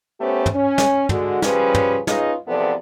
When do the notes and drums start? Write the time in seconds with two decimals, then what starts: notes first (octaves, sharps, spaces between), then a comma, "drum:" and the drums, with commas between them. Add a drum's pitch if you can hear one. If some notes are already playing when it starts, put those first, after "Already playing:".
0.20 A3 B3 C#4 G4 C5
0.46 drum: tom
0.55 C#4
0.78 drum: snare
1.09 D3 G#3 F#4, drum: tom
1.42 C#3 F3 G3 C#4 G#4 B4, drum: snare
1.74 drum: tom
2.07 C#4 D#4 F4 G#4 B4 D#5, drum: snare
2.47 E2 C3 F3 B3 A4 D5